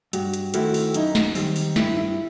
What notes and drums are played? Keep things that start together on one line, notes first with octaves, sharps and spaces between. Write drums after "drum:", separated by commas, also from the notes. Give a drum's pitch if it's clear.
G2 F#4, drum: hi-hat
drum: hi-hat
D#3 A3 C4 E4 F#4, drum: hi-hat
drum: open hi-hat
F#2 D#4, drum: hi-hat
drum: snare
D#3 G3 C4, drum: open hi-hat
drum: open hi-hat
G2 E4, drum: snare
E4